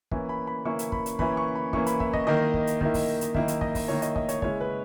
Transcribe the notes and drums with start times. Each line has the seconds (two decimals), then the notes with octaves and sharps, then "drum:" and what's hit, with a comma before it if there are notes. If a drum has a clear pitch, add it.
0.11 E3 A#3 C#4 E4, drum: kick
0.29 B5
0.47 B5
0.65 E3 A#3 C#4 E4 C#6
0.79 drum: hi-hat
0.92 B5, drum: kick
1.06 drum: hi-hat
1.19 E3 A#3 C#4 E4 B5, drum: kick
1.37 C#6
1.55 B5
1.73 E3 A#3 C#4 E4 C#6, drum: kick
1.86 B5, drum: hi-hat
2.00 E5, drum: kick
2.13 D#5, drum: kick
2.27 D#3 A#3 E4 D#5
2.54 drum: kick
2.67 drum: hi-hat
2.81 D#3 A#3 E4, drum: kick
2.94 drum: kick, open hi-hat
3.21 drum: hi-hat
3.35 D#3 A#3 E4 E5, drum: kick
3.48 drum: hi-hat
3.61 D#5, drum: kick
3.75 drum: kick, open hi-hat
3.88 D#3 A#3 E4 C#5
4.02 D#5, drum: hi-hat
4.16 D#5, drum: kick
4.29 C#5, drum: hi-hat
4.42 C#3 G#3 C#4 E4 C#5, drum: kick
4.60 B4